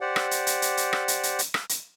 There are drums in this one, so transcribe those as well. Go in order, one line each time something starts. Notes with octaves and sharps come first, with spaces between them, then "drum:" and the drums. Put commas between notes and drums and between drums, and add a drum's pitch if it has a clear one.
G4 C5 D5 F#5
drum: rim click
drum: hi-hat
drum: hi-hat
drum: hi-hat
drum: hi-hat
drum: rim click
drum: hi-hat
drum: hi-hat
drum: hi-hat
drum: rim click
drum: hi-hat